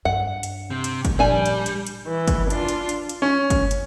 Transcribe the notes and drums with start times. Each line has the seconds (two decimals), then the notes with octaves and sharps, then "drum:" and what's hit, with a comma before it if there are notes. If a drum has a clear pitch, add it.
0.05 G2 F#5
0.43 drum: hi-hat
0.70 C3
0.84 drum: hi-hat
1.05 drum: kick, hi-hat
1.19 A#2 F3 G3 D4 G#5
1.46 drum: hi-hat
1.66 drum: hi-hat
1.87 drum: hi-hat
2.07 E3
2.27 drum: kick, hi-hat
2.50 D4 F4, drum: hi-hat
2.68 drum: hi-hat
2.89 drum: hi-hat
3.09 drum: hi-hat
3.22 C#4
3.50 drum: kick, hi-hat
3.71 drum: hi-hat